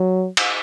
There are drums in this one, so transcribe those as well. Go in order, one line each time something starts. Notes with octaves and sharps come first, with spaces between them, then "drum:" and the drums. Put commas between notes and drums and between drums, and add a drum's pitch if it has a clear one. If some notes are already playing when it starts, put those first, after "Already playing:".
Already playing: F#3
drum: cymbal